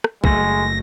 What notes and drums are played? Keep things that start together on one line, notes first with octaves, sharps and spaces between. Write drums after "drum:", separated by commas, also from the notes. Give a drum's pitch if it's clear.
drum: rim click
F#1 G#3 A3 A#6, drum: kick B1